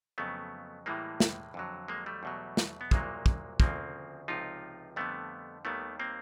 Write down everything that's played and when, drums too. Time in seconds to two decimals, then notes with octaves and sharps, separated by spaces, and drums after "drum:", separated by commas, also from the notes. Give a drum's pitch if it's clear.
0.18 F2 C#3 F#3 A3 B3
0.86 A2 E3 G3 G#3 A#3
1.20 drum: snare
1.54 F2 D3 F#3
1.88 G#3 A#3
2.06 G3 A3
2.23 E2 B2 F#3
2.57 drum: snare
2.81 B3
2.91 C2 A#2 F#3 G#3 A#3, drum: kick
3.26 drum: kick
3.60 D2 C#3 F3 A#3 C4, drum: kick
4.28 C#2 C3 F3 D#4 F4
4.96 F2 D3 G3 A3 B3
5.65 D#2 D#3 G3 A3 B3
6.00 A#3 C4